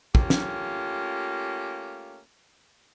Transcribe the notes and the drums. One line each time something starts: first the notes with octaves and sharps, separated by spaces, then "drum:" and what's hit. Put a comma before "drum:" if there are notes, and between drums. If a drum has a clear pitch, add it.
A3 A#3 C#4 F4 G4, drum: kick
drum: snare